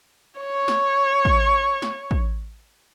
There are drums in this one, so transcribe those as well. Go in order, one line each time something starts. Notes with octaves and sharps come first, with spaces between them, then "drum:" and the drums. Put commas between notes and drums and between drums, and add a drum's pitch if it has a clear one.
C#5 C#6
drum: snare
drum: kick
drum: snare
drum: kick